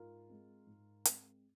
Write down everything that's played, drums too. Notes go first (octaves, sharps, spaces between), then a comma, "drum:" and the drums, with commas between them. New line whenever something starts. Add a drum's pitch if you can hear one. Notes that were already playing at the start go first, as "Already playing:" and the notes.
Already playing: G#2 F4 A#4
G#3 C4
G#2
G#3 C4, drum: hi-hat